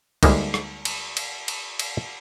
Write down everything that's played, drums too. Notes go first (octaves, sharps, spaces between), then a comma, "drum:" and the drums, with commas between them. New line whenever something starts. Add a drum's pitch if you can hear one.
D2 G3 G#3 A#3 D#4, drum: kick, cymbal
drum: rim click
drum: cymbal
drum: cymbal
drum: cymbal
drum: cymbal